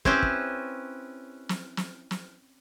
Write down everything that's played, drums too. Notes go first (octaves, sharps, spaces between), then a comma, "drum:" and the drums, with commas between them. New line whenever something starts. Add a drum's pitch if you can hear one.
C4 C#4 E4 G4 B4 C5, drum: kick
drum: kick
drum: snare
drum: snare
drum: snare